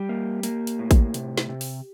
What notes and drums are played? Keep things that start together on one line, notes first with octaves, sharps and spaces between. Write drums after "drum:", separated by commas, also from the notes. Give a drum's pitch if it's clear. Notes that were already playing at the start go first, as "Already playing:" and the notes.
Already playing: G3 G4
A#3
A#3, drum: hi-hat
drum: hi-hat
A2
drum: kick, hi-hat
C3, drum: hi-hat
drum: snare
C3
drum: open hi-hat